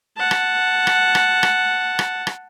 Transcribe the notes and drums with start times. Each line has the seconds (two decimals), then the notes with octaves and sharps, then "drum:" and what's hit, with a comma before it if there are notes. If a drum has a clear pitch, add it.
0.17 F#5 A5
0.31 drum: rim click
0.87 drum: rim click
1.15 drum: rim click
1.43 drum: rim click
1.99 drum: rim click
2.27 drum: rim click